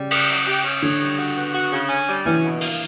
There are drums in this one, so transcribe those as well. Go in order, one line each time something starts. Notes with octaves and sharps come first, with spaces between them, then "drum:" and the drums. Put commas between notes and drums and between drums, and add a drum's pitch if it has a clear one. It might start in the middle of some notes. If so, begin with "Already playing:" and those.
Already playing: C#3 G3
A#4, drum: cymbal
F#3
G4
C#4
D3 C#5
G3
F#4
B3
F#4
C#3
C#4
G3
E3 C#4
B2
A#3, drum: open hi-hat